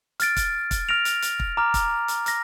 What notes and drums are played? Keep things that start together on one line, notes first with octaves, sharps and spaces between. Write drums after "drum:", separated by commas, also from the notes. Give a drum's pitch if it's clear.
F6 A6 D7, drum: hi-hat
drum: kick, hi-hat
drum: kick, hi-hat
F6 A#6 D7 F7
drum: hi-hat
drum: hi-hat
drum: kick
A#5 D6 F6
drum: kick, hi-hat
drum: hi-hat
F6 A#6, drum: hi-hat